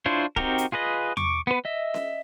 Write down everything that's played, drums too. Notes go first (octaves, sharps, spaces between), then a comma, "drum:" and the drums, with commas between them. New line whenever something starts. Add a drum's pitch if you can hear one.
D4 E4 F4 C5 C#5
C4 D#4 F#4 G4 A#4, drum: kick
drum: hi-hat
F4 G#4 B4 D#5
C#6 D6, drum: tom E2
B3 B4
D#5 E5
drum: snare C#4